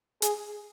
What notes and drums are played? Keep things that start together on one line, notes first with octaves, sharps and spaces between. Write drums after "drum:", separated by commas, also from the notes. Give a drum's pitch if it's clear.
G#4, drum: hi-hat